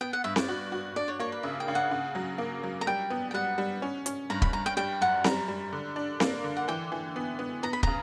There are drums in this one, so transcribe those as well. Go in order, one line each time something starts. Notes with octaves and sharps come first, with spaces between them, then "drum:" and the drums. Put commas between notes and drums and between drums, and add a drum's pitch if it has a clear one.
B3 G5
F#5
G2 E5
D5, drum: snare C4
F#4
F#4
D4 D5
C#5
A#3 C#5
B4
C#3 E5
G5
C#3
F#5
C#3
F#3
A#3
F#3
A#5
G3 G5
B3
G5
G3 F#5
G3
C#4
C#4, drum: hi-hat
G2 A#5
B5, drum: kick
G2 A#5
G5
G3 G5
F#2 F#5
G3 A#5, drum: snare C4
G3
D3
D4
A#3, drum: snare C4
D3
F#5
E3 G5
E3
B3
B3
B3 A#5
B5
C#3 A#5, drum: kick